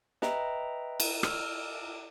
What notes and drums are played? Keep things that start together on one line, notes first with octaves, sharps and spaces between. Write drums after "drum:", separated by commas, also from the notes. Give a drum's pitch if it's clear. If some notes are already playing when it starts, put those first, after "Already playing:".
B4 D#5 E5 G5 A#5, drum: snare
drum: cymbal
E6 F6, drum: rim click